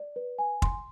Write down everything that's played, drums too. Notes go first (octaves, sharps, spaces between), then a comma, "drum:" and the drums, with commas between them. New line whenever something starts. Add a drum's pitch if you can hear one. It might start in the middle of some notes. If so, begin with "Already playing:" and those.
Already playing: D5
B4
G#5
C6, drum: kick